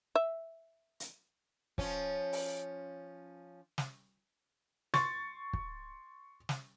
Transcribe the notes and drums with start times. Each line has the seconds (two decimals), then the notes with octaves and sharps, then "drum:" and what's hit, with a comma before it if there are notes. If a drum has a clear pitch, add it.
0.15 E5
1.00 drum: hi-hat
1.78 F3 C#4, drum: kick
2.33 drum: open hi-hat
3.78 drum: snare
4.94 C6 C#6 A6, drum: snare
5.53 drum: kick
6.49 drum: snare